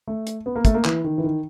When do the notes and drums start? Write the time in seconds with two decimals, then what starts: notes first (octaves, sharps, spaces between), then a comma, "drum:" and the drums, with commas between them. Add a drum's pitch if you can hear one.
0.07 A3
0.27 drum: hi-hat
0.46 B3
0.56 A#3
0.65 A3, drum: kick, hi-hat
0.74 A#3
0.85 E3, drum: clap
1.04 D#3
1.18 E3
1.24 D#3